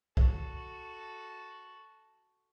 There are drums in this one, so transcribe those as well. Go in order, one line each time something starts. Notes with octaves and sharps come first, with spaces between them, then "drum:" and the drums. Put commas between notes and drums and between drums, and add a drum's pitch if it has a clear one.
F#4 A4, drum: kick